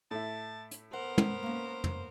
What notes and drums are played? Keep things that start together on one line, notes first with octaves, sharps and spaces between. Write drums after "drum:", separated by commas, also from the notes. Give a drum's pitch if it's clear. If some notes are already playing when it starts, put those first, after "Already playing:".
A2 E4 A5
drum: hi-hat
B3 A#4 C5 F#5
drum: tom
A#3 C#4
drum: tom